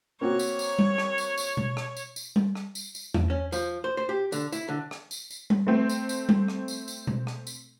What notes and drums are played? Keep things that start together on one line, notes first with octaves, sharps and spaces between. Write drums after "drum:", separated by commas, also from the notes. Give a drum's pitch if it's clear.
A#3 C4 F#4 C#5
drum: tambourine
drum: tambourine
drum: tom G3
drum: rim click
drum: tambourine
drum: tambourine
drum: tom B2
drum: rim click
drum: tambourine
drum: tambourine
drum: tom G3
drum: rim click
drum: tambourine
drum: tambourine
drum: tom E2
C#4
F3, drum: tambourine
C5
C5
G4
D3, drum: tambourine
E4, drum: tambourine
D3
drum: rim click
drum: tambourine
drum: tambourine
drum: tom G3
A3 C4
drum: tambourine
drum: tambourine
drum: tom G3
drum: rim click
drum: tambourine
drum: tambourine
drum: tom B2
drum: rim click
drum: tambourine